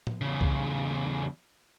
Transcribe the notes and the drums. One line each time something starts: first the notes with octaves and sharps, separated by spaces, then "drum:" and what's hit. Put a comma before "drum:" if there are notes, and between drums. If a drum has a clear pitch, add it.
drum: tom A2
E2 C#3
drum: kick C2